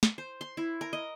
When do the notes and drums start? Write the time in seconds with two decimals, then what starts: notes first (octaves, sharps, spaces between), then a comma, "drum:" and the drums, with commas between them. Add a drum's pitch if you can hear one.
0.03 drum: snare
0.18 C5
0.41 C6
0.57 E4
0.81 A#4
0.93 D#5